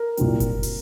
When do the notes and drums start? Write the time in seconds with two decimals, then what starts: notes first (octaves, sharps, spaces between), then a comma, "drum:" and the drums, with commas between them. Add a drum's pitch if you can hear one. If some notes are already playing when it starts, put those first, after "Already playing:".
Already playing: A#4
0.17 C2 A#2 F#3 C4, drum: hi-hat
0.40 drum: kick F#1, hi-hat
0.63 drum: open hi-hat